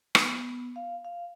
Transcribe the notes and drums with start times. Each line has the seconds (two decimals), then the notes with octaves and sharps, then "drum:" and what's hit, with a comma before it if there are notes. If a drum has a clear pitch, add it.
0.15 B3, drum: rim click
0.76 F5
1.05 F5